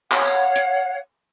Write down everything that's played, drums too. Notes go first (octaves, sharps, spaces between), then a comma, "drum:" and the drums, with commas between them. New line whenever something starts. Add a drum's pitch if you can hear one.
C#5 F5 F#5, drum: clap
drum: tambourine
drum: hi-hat